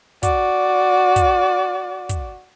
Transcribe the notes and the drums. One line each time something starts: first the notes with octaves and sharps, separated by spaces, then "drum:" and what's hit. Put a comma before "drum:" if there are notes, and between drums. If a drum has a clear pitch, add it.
F#4 D5, drum: kick, hi-hat
drum: kick, hi-hat
drum: kick, hi-hat